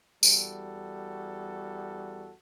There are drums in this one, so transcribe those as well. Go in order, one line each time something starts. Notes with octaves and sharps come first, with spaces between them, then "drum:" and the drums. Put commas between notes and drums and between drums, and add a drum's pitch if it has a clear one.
E2 G3 F#4 A4, drum: tambourine